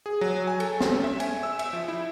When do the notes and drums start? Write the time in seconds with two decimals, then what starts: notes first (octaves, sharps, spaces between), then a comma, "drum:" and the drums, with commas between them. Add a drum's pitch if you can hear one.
0.06 G#4
0.21 F#3
0.47 G#5
0.60 A4, drum: cymbal
0.80 drum: snare
0.92 C#4
1.04 E5
1.20 G#5, drum: cymbal
1.43 E6
1.59 E5, drum: cymbal
1.73 F3
1.88 E4